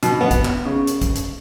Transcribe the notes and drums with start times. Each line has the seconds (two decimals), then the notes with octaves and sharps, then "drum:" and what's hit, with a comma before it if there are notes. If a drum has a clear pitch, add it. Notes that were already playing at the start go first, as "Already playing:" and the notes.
0.03 B2, drum: hi-hat
0.21 B3
0.31 drum: kick, hi-hat
0.45 drum: clap
0.66 C#3
0.87 drum: hi-hat
1.02 drum: kick, hi-hat
1.16 drum: hi-hat